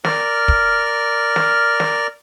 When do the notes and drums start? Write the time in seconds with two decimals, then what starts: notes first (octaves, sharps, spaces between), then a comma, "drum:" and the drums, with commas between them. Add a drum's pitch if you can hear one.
0.04 A#4 D5 F6, drum: snare
0.48 drum: kick
1.36 drum: snare
1.80 drum: snare